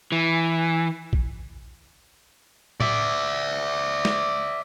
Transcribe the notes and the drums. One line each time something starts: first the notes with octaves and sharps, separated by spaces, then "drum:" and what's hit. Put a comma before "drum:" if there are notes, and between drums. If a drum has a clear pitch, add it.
E3
drum: kick
D5 E5, drum: tom A2
drum: snare